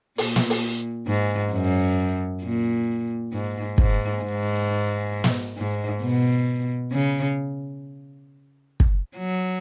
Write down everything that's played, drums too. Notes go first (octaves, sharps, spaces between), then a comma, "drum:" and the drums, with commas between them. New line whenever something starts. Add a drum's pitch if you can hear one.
A#2, drum: open hi-hat
drum: snare
drum: open hi-hat
G#2
F#2
A#2
G#2
G#2, drum: kick
G#2
drum: snare
G#2
B2
C#3
drum: kick
F#3